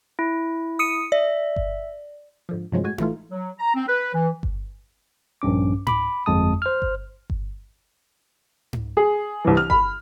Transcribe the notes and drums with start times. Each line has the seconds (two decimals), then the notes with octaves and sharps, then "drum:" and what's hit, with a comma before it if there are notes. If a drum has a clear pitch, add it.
0.19 E4
0.79 D#6 C#7 D#7
1.12 D5 E5
1.56 drum: kick G1
2.49 G#2 D3 F3
2.72 G2 C3 F3 F#3 G#3
2.84 A2 G#3 F#4 G#5
2.98 A1 A2 E3 A3 F4, drum: tom D#4
3.31 F#3
3.59 A#5
3.75 C4
3.88 B4
4.15 E3
4.43 drum: kick G1
5.42 A#1 G2 C#4 D6
5.87 B5 D6, drum: tom G#2
6.26 G1 F2 G#3 A5 D#6
6.62 C5 F6
6.82 drum: kick G1
7.30 drum: kick G1
8.73 drum: tom G#2
8.97 G#4
9.45 C2 E3
9.57 F6
9.70 B5, drum: kick G1